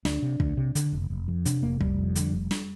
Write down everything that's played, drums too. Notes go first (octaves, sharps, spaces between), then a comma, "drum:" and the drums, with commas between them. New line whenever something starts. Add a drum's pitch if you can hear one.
D2 D4, drum: snare
C3
D2, drum: kick
C3
D3, drum: hi-hat
F1
F1
F2
C3 D4, drum: hi-hat
F1 A#3
F1 G3, drum: kick
F2
D3, drum: hi-hat
F1
drum: snare